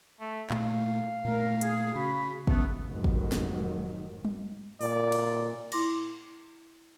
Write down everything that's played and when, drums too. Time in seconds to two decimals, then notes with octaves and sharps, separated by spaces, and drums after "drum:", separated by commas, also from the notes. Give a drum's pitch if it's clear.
0.20 A3
0.50 A#2 A3 F5, drum: clap
1.25 A#2 A3 A#4
1.61 G#4, drum: hi-hat
1.95 C#3 F#4 B5
2.47 G#1 D2 C#3 A3 B3, drum: kick
2.85 F1 G#2 D#3 F#3
3.04 drum: kick
3.32 drum: snare
4.25 drum: tom G3
4.81 A#2 D5, drum: open hi-hat
5.12 drum: cymbal
5.72 E4 C6 D6 A#6, drum: cymbal